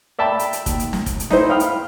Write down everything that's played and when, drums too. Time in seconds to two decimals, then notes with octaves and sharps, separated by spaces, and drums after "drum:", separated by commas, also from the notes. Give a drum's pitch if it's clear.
0.19 D5 E5 G5 A5 B5
0.39 drum: hi-hat
0.53 drum: hi-hat
0.66 D#2, drum: kick, hi-hat
0.80 drum: hi-hat
0.93 drum: snare
1.06 drum: kick, hi-hat
1.20 drum: hi-hat
1.30 D#4 E4 C5, drum: snare
1.50 F5 G5 B5 D#6 F6
1.60 drum: hi-hat